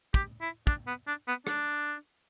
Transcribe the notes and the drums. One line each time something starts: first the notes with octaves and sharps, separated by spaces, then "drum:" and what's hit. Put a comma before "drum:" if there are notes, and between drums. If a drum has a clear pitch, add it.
G4, drum: kick
E4
D4, drum: kick
B3
D4
B3
D4, drum: rim click